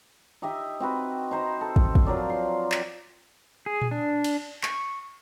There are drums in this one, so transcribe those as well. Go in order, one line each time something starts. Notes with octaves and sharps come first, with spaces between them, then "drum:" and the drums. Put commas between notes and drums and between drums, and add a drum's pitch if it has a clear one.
D#4 G4 D#5 E5
C4 F#4 B4
D#4 C5 A#5
A4
drum: kick
drum: kick
F3 F#3 A#4 D5
C6
drum: clap
G#4
drum: tom A#2
D4
drum: cymbal
C#6, drum: clap